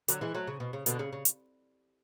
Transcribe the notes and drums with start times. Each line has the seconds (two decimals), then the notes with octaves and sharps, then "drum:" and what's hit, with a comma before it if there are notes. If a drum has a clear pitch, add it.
0.08 D3 F#3, drum: hi-hat
0.21 E3 G#3
0.35 F#3 A3
0.47 C#3
0.60 B2
0.73 C#3
0.86 B2 D3, drum: hi-hat
0.99 C#3
1.13 C#3
1.25 drum: hi-hat